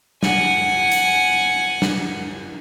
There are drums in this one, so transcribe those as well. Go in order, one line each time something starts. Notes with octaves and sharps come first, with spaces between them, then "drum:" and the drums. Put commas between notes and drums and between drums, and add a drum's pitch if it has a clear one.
F#5 G#5, drum: snare
drum: hi-hat
drum: snare